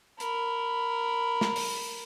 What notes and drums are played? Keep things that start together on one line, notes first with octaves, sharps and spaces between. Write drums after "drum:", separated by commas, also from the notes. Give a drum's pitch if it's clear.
A#4 B5, drum: hi-hat
drum: snare
drum: open hi-hat